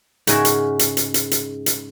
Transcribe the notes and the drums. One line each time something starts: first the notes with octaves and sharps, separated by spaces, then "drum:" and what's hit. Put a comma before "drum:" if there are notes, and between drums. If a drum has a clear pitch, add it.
G#2 C#3 F#4 A#4 E5 G#5, drum: hi-hat
drum: hi-hat
drum: hi-hat
drum: hi-hat
drum: hi-hat
drum: hi-hat
drum: hi-hat